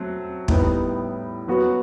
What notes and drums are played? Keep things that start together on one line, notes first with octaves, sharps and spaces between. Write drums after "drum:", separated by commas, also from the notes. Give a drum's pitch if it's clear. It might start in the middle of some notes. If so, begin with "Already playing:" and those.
Already playing: F#3 A3 C4
A2 G3 B3 D#4, drum: kick
F#3 B3 F#4